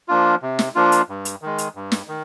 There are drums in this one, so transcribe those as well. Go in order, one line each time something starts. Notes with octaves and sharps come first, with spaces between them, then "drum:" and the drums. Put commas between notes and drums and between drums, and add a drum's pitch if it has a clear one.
F3 A#3 D4 F4
C3
drum: snare
F3 A#3 D4 F4
drum: hi-hat
G2
drum: hi-hat
D#3 G#3
drum: hi-hat
G2
drum: snare
D#3